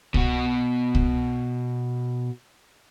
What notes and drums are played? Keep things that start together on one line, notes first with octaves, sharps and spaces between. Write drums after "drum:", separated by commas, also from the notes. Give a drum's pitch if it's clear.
B2 F#4, drum: kick C2
drum: kick C2